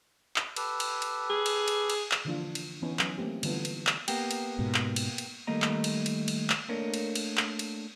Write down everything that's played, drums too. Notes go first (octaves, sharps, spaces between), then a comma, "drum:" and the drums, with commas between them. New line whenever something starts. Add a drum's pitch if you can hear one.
drum: clap
G4 A4 B4, drum: cymbal
drum: cymbal
drum: cymbal
G#4
drum: cymbal
drum: cymbal
drum: cymbal
drum: clap
D3 E3 F3 A#3 D4 F4
drum: cymbal
E3 B3 C#4 D#4
F#3 B3 C#4, drum: clap
A3 A#3 C4 G4
D3 E3 G3 B3 F4 A4, drum: cymbal
drum: cymbal
drum: clap
A#3 B3 G4, drum: cymbal
drum: cymbal
G#2 B2
drum: clap
drum: cymbal
drum: cymbal
D#3 G3 A3 A#3 D#5 A#5
drum: clap
drum: cymbal
drum: cymbal
drum: cymbal
drum: clap
A3 A#3 D4 A#4 C#5 D#5
drum: cymbal
drum: cymbal
drum: clap
drum: cymbal